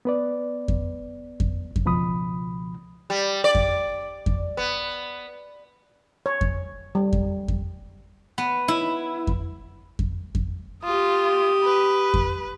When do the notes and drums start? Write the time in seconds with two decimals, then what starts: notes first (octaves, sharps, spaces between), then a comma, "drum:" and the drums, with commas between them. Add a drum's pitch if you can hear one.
0.05 B3 B4 D5
0.68 drum: kick F2
1.40 drum: kick F2
1.76 drum: kick F2
1.85 C#2 B2 F3 B5 D#6
3.10 G3
3.44 D5
3.55 drum: kick F2
4.26 drum: kick F2
4.57 B3
6.26 C#5
6.41 drum: kick F2
6.95 G3
7.13 drum: kick F2
7.48 drum: kick F2
8.38 B3
8.68 E4
9.27 drum: kick F2
9.99 drum: kick F2
10.35 drum: kick F2
10.84 F4 G4 D#6
11.64 B4
12.14 drum: kick F2